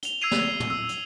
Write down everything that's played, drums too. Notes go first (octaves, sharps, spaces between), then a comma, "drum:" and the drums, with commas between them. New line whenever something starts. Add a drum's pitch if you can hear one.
F7 G7, drum: hi-hat
E6 G#6 C7 D#7 F7
drum: snare
drum: tom
E6
drum: hi-hat